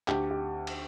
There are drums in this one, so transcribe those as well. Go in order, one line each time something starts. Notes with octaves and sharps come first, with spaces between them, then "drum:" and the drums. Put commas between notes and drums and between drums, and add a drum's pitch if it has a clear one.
D2 G4, drum: clap
G4
drum: cymbal